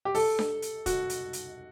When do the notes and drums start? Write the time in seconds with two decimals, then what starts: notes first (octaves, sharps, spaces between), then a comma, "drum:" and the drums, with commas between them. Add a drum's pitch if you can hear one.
0.05 G4
0.15 A4, drum: open hi-hat
0.39 drum: snare D4
0.62 drum: hi-hat
0.86 F#4, drum: kick, hi-hat
1.10 drum: hi-hat
1.33 drum: hi-hat